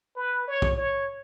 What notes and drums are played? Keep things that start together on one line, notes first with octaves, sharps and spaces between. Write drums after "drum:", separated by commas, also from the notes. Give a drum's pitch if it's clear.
B4
C#5
drum: kick
C#5